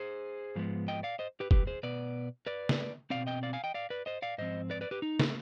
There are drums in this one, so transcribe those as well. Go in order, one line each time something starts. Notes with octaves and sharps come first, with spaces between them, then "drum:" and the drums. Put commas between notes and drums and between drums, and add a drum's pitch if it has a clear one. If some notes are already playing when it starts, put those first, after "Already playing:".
Already playing: G#4 C5
G#2 F3 G#3 B3
D#5 G5
D5 F5
C5 D#5
G4 B4
G4 B4, drum: kick F1
G#4 C5
B2 B3 B4 D5
B4 D5
drum: snare
B2 G#3 C4 D5 F5
D#5 G5
D5 F5
F5 G#5
D#5 G5
D5 F5
B4 D5
C5 D#5
D5 F5
G#2 F3 C4 C5 D#5
B4 D5
B4 D5
G4 B4
D#4
drum: snare